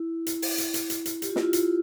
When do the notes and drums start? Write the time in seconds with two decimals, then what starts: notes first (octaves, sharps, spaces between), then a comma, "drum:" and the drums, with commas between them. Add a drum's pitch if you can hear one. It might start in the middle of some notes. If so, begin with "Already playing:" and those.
Already playing: E4
0.27 drum: hi-hat
0.42 drum: open hi-hat
0.58 drum: hi-hat
0.74 drum: hi-hat
0.90 drum: hi-hat
1.05 drum: hi-hat
1.22 G4, drum: hi-hat
1.29 F4
1.36 E4, drum: snare
1.43 F4
1.53 drum: hi-hat